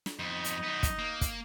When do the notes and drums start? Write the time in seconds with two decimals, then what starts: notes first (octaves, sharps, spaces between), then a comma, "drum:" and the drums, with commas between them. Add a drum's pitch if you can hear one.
0.06 drum: snare
0.19 F2 B3 D#4
0.44 drum: hi-hat
0.64 F#2 B3
0.83 drum: kick, hi-hat
0.99 A#3
1.21 drum: kick, hi-hat